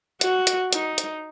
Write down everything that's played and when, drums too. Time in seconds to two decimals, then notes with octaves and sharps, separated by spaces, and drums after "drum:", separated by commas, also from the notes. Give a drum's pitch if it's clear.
0.21 F#4, drum: hi-hat
0.47 drum: hi-hat
0.73 D#4, drum: hi-hat
0.98 drum: hi-hat